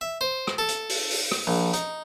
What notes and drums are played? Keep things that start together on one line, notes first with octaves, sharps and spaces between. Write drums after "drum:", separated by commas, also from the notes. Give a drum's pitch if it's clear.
E5
C5
drum: rim click
A4
drum: hi-hat
drum: open hi-hat
drum: open hi-hat
drum: rim click
A#1
D#4, drum: hi-hat